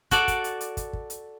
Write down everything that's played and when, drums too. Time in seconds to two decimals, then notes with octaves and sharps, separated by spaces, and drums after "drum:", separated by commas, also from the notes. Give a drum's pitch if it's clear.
0.11 F#4 A4 D5, drum: kick, hi-hat
0.28 drum: kick, hi-hat
0.44 drum: hi-hat
0.61 drum: hi-hat
0.77 drum: kick, hi-hat
0.93 drum: kick
1.10 drum: hi-hat